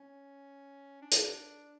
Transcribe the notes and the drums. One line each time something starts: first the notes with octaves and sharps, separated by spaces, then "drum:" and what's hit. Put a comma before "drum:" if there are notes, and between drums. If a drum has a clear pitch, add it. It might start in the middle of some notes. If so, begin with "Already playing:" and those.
Already playing: C#4
D4
drum: hi-hat